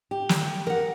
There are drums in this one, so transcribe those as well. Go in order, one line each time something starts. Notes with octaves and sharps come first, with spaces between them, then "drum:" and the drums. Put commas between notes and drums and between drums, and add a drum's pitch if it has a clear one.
G4
drum: snare
A#4 F#5